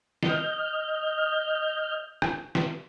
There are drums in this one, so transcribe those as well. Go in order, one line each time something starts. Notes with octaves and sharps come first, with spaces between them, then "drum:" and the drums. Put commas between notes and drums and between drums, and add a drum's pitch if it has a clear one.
D#5 F6 G6, drum: snare
drum: rim click
drum: snare